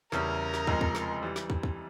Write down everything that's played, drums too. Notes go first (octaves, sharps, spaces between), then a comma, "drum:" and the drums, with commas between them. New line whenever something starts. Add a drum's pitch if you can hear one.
E2 C#3 G3 C#4 E4 A#4, drum: snare
drum: snare
F1 F2 C#3 F3 G#3, drum: kick
drum: kick
drum: snare
E3 G3
drum: snare
drum: kick
drum: kick